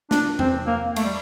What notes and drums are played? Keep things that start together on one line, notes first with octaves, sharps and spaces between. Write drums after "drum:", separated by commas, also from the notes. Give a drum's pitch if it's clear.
D4, drum: snare
C4, drum: tom
A#3
A3, drum: cymbal
G3